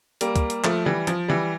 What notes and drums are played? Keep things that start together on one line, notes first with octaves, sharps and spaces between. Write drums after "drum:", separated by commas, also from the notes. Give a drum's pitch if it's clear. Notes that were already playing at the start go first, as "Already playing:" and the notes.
G3 A#3, drum: hi-hat
drum: kick, hi-hat
drum: hi-hat
F3 A3, drum: clap
E3 G3
F3, drum: hi-hat
E3 G3